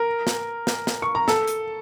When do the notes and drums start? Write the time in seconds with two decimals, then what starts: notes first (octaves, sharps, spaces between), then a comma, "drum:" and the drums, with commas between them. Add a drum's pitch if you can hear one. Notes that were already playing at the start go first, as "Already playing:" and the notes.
Already playing: A#4
0.27 drum: snare
0.67 drum: snare
0.87 drum: snare
1.02 C#6
1.15 A#5
1.28 A4 A5, drum: snare
1.48 drum: hi-hat